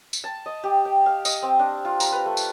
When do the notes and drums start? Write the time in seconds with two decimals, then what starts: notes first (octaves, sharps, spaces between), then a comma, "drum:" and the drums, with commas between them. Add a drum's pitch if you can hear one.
0.13 drum: tambourine
0.24 A5
0.46 D#5
0.64 G4
0.85 G5
1.06 F5
1.25 D#5, drum: tambourine
1.42 C4
1.59 D4
1.85 F4
2.00 A#5, drum: tambourine
2.12 B4
2.26 A3
2.37 drum: tambourine